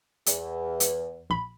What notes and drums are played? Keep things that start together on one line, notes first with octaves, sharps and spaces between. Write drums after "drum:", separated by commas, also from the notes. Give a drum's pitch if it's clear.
E2, drum: hi-hat
drum: hi-hat
A#1 B5